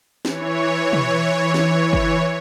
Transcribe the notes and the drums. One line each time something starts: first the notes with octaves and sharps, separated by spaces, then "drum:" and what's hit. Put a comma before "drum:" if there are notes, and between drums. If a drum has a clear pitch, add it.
E3 C#5, drum: snare
drum: tom
drum: snare
drum: kick